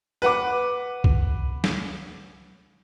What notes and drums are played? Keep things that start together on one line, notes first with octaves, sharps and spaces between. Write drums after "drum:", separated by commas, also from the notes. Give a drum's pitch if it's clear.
B4 F#5 D6
drum: kick C2
drum: snare